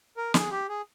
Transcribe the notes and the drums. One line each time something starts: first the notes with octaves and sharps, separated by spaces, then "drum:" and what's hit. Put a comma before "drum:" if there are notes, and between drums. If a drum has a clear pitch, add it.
A#4
G#4, drum: snare
G4
G#4